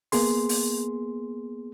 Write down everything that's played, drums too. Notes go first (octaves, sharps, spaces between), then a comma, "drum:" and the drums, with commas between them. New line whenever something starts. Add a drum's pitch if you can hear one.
A#3 B3 G#4 C6, drum: open hi-hat
drum: open hi-hat